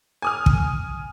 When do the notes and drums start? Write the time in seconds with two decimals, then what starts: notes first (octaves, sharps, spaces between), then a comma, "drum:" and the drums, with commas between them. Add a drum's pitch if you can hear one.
0.22 G#5 D#6 F6
0.46 drum: kick